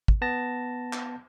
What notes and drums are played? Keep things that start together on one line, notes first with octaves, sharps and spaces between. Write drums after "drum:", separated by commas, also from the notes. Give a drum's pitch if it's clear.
drum: kick
B3 A5 A#6
drum: clap